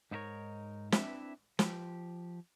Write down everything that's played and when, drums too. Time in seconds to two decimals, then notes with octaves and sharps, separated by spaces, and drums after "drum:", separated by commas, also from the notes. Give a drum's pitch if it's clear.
0.11 G#2 D#4 E4 G4 A#4 C#5
0.92 C4 D4 E4 B4 E5, drum: snare
1.59 F3 G4, drum: snare